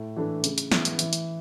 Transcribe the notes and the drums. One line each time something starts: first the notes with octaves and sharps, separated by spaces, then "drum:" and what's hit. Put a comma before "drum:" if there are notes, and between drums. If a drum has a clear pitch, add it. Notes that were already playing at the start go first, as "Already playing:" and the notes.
Already playing: A2
E3 A3 D4
C#3, drum: hi-hat
drum: hi-hat
E3 B3, drum: snare
drum: hi-hat
E3, drum: hi-hat
drum: hi-hat